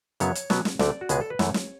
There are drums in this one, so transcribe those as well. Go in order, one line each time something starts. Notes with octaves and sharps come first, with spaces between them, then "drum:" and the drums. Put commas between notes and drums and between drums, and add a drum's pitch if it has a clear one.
F#2 C#3 F#3 B3 C#5, drum: hi-hat
drum: hi-hat
B2 F#3 B3, drum: snare
drum: snare
D2 D3 A3 D5, drum: snare
F#4
C#2 B2 G#3 B3 G#4, drum: hi-hat
A4
B4
F#2 E3 A3 C#5, drum: snare
drum: snare